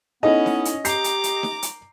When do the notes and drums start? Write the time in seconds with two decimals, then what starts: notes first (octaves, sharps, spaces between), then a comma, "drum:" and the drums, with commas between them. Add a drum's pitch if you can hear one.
0.23 B3 C#4 D#4 E4 A4 D#5
0.46 drum: snare D#4
0.65 drum: hi-hat
0.85 G4 A#5 D6 G6 C7, drum: hi-hat
1.04 drum: hi-hat
1.24 drum: hi-hat
1.43 drum: snare D#4
1.62 drum: hi-hat